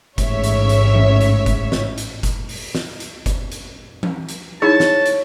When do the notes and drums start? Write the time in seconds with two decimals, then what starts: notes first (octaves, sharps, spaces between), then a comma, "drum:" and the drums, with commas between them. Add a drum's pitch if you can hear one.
0.18 A1 G#2 C#3 C#5 E5, drum: kick F#1, hi-hat
0.44 drum: hi-hat
0.69 drum: hi-hat
0.95 drum: tom E3
1.21 drum: hi-hat
1.46 drum: kick F#1, hi-hat
1.72 drum: snare
1.98 drum: hi-hat
2.23 drum: kick F#1, hi-hat
2.49 drum: open hi-hat
2.75 drum: snare
3.00 drum: hi-hat
3.26 drum: kick F#1, hi-hat
3.52 drum: hi-hat
4.03 drum: tom E3
4.29 drum: hi-hat
4.62 D#4 E4 G#4 C#5 A5
4.80 drum: snare
5.06 drum: hi-hat